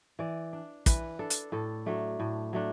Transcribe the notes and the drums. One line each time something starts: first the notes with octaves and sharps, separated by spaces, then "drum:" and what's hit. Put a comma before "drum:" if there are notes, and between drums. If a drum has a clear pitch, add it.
E3 D5
D4
E3 B4, drum: kick, hi-hat
D4 A4
drum: hi-hat
A2 A4
F#3 A3 D4
A2
F#3 A3 D4